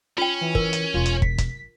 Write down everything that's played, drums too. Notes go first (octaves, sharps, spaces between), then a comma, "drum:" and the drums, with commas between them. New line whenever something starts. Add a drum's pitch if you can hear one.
C#4 F4 G5
E3
A#4, drum: kick
drum: hi-hat
E1 F4
drum: hi-hat
B6, drum: kick
drum: kick, hi-hat